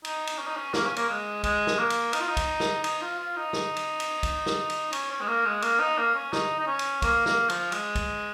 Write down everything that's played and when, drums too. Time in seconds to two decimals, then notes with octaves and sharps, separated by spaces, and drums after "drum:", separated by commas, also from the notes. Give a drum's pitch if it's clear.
0.05 D#4, drum: cymbal
0.27 drum: cymbal
0.38 C#4
0.47 D#4
0.56 C#4
0.74 A#3, drum: snare
0.85 C#4
0.96 A#3, drum: cymbal
1.09 G#3
1.44 G#3, drum: kick, cymbal
1.67 drum: snare
1.78 A#3
1.90 drum: cymbal
2.13 D#4, drum: cymbal
2.20 F4
2.27 D#4
2.37 drum: kick, cymbal
2.60 drum: snare
2.84 D#4, drum: cymbal
3.01 F4
3.19 F4
3.36 D#4
3.53 drum: snare
3.76 drum: cymbal
4.00 drum: cymbal
4.23 drum: kick, cymbal
4.46 drum: snare
4.70 drum: cymbal
4.93 C#4, drum: cymbal
5.10 C#4
5.21 G#3
5.27 A#3
5.45 G#3
5.62 A#3, drum: cymbal
5.80 D#4
5.98 A#3
6.15 C#4
6.33 D#4, drum: snare
6.59 D#4
6.67 C#4
6.79 drum: cymbal
7.02 A#3, drum: kick, cymbal
7.26 A#3, drum: snare
7.50 F3, drum: cymbal
7.72 G#3, drum: cymbal
7.95 drum: kick, cymbal